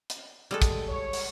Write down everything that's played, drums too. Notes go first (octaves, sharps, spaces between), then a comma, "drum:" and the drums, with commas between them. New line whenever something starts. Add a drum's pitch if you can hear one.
drum: hi-hat
G3 G#3 A4
drum: kick, hi-hat
C#5
drum: open hi-hat